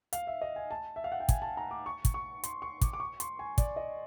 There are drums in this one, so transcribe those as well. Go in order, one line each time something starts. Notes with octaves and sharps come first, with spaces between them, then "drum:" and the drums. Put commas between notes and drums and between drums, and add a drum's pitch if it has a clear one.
F5, drum: hi-hat
E5
D#5
G#5
A5
E5
F5
F#5
G5
G#5, drum: kick, hi-hat
A5
A#5
D6
C#6
drum: kick, hi-hat
C#6
C6, drum: hi-hat
C#6
D6, drum: kick, hi-hat
D6
C#6
C6, drum: hi-hat
G#5
D5, drum: kick, hi-hat
D#5